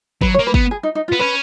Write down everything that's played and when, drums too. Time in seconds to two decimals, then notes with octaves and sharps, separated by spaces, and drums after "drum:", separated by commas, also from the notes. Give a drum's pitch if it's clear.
0.21 F#3 B4, drum: kick
0.34 C#5
0.39 A#3
0.47 B4
0.54 B3, drum: kick
0.71 G#4
0.83 D#4
0.95 D#4
1.08 F4
1.12 B3
1.19 C#4 B4